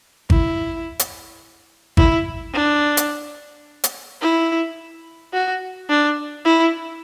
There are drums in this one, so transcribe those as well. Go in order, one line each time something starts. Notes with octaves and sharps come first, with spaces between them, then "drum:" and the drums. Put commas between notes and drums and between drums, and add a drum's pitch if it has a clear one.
E4, drum: kick G#1
drum: hi-hat
E4, drum: kick G#1
D4
drum: hi-hat
drum: hi-hat
E4
F#4
D4
E4